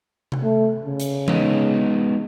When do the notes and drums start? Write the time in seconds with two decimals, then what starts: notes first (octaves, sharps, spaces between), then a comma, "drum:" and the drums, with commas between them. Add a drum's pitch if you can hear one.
0.32 drum: tom C3
0.43 A3
0.86 C#3
1.00 drum: hi-hat
1.28 G#3 B3 D#4, drum: tom E3